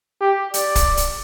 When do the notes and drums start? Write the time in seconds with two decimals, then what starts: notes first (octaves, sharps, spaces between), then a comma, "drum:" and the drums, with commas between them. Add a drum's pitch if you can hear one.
0.21 G4
0.54 D5, drum: hi-hat
0.75 drum: kick, hi-hat
0.97 drum: hi-hat